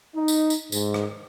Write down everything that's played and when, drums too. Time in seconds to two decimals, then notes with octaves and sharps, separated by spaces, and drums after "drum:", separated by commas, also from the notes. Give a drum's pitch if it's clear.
0.15 D#4
0.28 drum: tambourine
0.50 drum: tambourine
0.72 G#2, drum: tambourine
0.94 drum: rim click